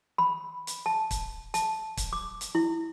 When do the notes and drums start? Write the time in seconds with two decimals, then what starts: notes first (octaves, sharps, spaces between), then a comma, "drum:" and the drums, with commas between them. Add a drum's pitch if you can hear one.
0.18 B5
0.67 drum: hi-hat
0.86 A5
1.11 drum: kick, hi-hat
1.54 A5, drum: hi-hat
1.97 drum: kick, hi-hat
2.13 D6
2.41 drum: hi-hat
2.55 E4